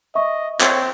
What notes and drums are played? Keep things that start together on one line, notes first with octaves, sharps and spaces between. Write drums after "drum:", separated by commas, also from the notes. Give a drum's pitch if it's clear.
D#5 E5 C#6
C4 C#5, drum: clap